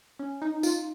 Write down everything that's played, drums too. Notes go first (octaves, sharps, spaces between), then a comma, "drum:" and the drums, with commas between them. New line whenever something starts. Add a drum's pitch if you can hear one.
C#4
D#4
F4, drum: tambourine